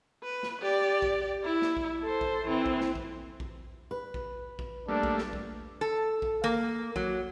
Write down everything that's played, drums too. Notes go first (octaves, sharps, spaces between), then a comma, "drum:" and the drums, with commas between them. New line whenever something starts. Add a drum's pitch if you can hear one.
B4
drum: snare
G4 D5
drum: kick A#1
E4
drum: snare
drum: kick A#1
A4 C5
drum: kick A#1
E3 C4
drum: kick A#1
drum: snare
drum: kick A#1
drum: kick A#1
B4
drum: kick A#1
drum: kick A#1
G3 A3 A#3 D4
drum: kick A#1
drum: snare
drum: kick A#1
A4
drum: kick A#1
A#3
F#3, drum: kick A#1